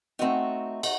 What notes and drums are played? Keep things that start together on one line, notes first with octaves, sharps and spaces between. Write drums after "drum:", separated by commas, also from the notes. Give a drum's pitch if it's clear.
A3 C4 D#4 F#4
D#4 F#4, drum: cymbal